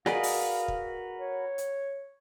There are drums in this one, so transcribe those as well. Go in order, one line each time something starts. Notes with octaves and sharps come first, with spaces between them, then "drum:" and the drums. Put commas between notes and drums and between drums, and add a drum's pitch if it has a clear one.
F#4 G#4 A#4 B4 D5 D#5 F5, drum: snare
drum: open hi-hat
drum: kick
C#5
drum: hi-hat